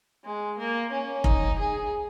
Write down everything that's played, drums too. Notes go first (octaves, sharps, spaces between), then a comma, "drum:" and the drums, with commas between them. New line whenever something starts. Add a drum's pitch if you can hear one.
G#3
A#3
C#4
D#4, drum: kick F1
G#4